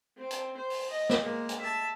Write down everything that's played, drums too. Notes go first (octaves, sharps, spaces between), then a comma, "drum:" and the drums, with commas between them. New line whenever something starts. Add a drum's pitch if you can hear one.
C4
drum: hi-hat
C5
drum: open hi-hat
D#5
drum: snare
G#3 A#3
drum: hi-hat
E5 A5